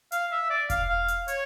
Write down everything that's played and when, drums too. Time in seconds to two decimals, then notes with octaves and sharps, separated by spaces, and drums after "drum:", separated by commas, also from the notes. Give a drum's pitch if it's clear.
0.12 F5, drum: hi-hat
0.32 E5
0.50 D5
0.70 F5, drum: kick E1, hi-hat
0.89 F5
1.08 drum: hi-hat
1.28 C#5, drum: hi-hat